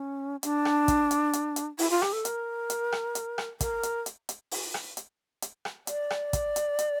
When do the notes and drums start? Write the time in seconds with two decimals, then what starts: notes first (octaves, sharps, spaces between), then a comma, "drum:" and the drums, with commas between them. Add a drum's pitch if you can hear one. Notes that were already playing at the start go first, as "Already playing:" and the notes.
Already playing: C#4
0.43 D4, drum: hi-hat
0.65 drum: rim click
0.88 drum: kick, hi-hat
1.11 drum: hi-hat
1.33 drum: hi-hat
1.56 drum: hi-hat
1.79 E4, drum: open hi-hat
1.90 F4
2.02 G4, drum: rim click
2.13 A4
2.25 A#4, drum: hi-hat
2.70 drum: hi-hat
2.92 drum: rim click
3.15 drum: hi-hat
3.38 drum: rim click
3.61 A#4, drum: kick, hi-hat
3.83 drum: hi-hat
4.06 drum: hi-hat
4.29 drum: hi-hat
4.51 drum: open hi-hat
4.74 drum: rim click
4.97 drum: hi-hat
5.42 drum: hi-hat
5.65 drum: rim click
5.87 D5, drum: hi-hat
6.10 drum: rim click
6.33 drum: kick, hi-hat
6.56 drum: hi-hat
6.79 drum: hi-hat